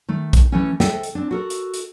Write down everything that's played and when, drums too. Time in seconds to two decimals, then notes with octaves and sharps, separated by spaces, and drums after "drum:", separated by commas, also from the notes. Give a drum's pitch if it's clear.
0.08 D#3 A3
0.33 drum: kick, hi-hat
0.52 E3 A3 C#4
0.80 A4 C5 D#5 E5 G5, drum: snare
1.03 drum: hi-hat
1.15 C4 D4
1.31 F#4 A4 A#4
1.50 drum: hi-hat
1.74 drum: hi-hat